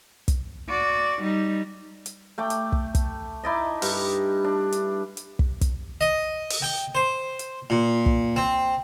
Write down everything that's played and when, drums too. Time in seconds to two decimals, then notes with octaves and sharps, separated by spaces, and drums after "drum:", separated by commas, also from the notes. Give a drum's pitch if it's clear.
0.28 drum: kick, hi-hat
0.69 F#4 D5
1.22 G3 D#4
2.06 drum: hi-hat
2.38 A3 G5 D6
2.50 drum: hi-hat
2.72 drum: kick
2.95 drum: kick, hi-hat
3.44 D#4 E4 D5 D#5
3.82 G2, drum: open hi-hat
4.44 D4
4.72 drum: hi-hat
5.17 drum: hi-hat
5.39 drum: kick
5.61 drum: kick, hi-hat
6.01 D#5
6.50 drum: open hi-hat
6.62 G5
6.95 C5
7.39 drum: hi-hat
7.70 A#2
8.06 drum: kick
8.36 C4